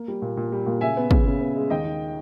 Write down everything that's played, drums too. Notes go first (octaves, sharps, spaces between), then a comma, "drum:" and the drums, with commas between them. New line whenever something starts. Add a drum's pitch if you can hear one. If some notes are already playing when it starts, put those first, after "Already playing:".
Already playing: A#3
G3
A#2
A#2
G3
A#2
C#3 E5 G#5
B3
C#3, drum: kick
C#3
B3
G#3
D#2 D#5 G5
D#3